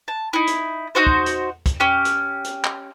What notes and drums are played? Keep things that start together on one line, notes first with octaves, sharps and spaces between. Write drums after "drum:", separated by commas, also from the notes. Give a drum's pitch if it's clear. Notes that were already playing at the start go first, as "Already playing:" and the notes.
A5
D#4 E4
drum: hi-hat
D#4 E4 F#4 C5
drum: kick
drum: hi-hat
drum: kick, hi-hat
C#4 G4
drum: hi-hat
drum: hi-hat
drum: clap